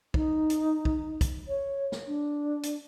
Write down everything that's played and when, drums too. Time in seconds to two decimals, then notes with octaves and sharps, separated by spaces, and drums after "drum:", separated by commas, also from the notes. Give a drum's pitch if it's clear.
0.14 D#4, drum: kick
0.50 drum: hi-hat
0.85 drum: kick
1.21 drum: kick, hi-hat
1.47 C#5
1.92 drum: snare
2.06 D4
2.63 drum: hi-hat